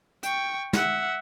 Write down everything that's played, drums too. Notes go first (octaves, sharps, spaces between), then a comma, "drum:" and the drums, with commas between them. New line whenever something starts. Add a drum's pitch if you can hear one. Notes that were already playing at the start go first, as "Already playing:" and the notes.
G5 C#6, drum: hi-hat
E5 F#5, drum: snare